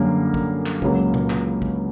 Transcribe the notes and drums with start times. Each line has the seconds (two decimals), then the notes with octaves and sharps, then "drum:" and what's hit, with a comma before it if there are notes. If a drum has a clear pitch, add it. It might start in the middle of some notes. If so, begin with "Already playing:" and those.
Already playing: F#2 D3 G3 A#3 C#4
0.34 drum: kick
0.66 drum: clap
0.82 C#2 C#3 F#3 A#3, drum: kick
1.14 drum: tom A#2
1.30 drum: clap
1.62 drum: kick